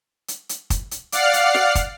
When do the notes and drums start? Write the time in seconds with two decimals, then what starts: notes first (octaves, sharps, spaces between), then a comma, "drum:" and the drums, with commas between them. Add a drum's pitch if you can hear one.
0.28 drum: hi-hat
0.49 drum: hi-hat
0.70 drum: kick, hi-hat
0.91 drum: hi-hat
1.12 D5 F5 F#5 F6 C7, drum: hi-hat
1.33 drum: hi-hat
1.54 drum: snare
1.75 drum: kick, hi-hat